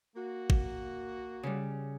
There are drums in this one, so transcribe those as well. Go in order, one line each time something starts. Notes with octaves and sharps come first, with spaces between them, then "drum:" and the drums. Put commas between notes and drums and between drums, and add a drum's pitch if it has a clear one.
A#3 F#4
drum: kick
C#3 G3